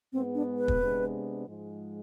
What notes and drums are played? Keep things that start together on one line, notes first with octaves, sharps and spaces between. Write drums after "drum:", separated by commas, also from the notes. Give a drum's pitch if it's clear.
G#2 G#3 B3 C4
D4
B4
drum: kick
C3 G#3 B3 D4
G#2 F3 G#3